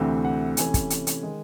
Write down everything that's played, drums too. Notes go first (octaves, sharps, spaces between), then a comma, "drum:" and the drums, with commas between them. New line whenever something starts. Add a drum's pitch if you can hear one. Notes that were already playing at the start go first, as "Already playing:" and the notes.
Already playing: D2 C3 E3 A3 C4
F#5
C3 E3 A3 C#4 G#5, drum: hi-hat
drum: kick, hi-hat
drum: hi-hat
drum: hi-hat
D#3 G#3